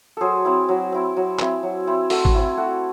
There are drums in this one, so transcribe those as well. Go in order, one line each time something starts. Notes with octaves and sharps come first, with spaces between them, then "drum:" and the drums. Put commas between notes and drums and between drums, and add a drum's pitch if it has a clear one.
F#3 G#4 A4 C5
C4 E4
F#3
C4 E4
F#3
C4 E4, drum: clap
F#3
C4 E4
A3 F#4 A4, drum: open hi-hat
drum: kick G#1
C4 E4
A3 F#4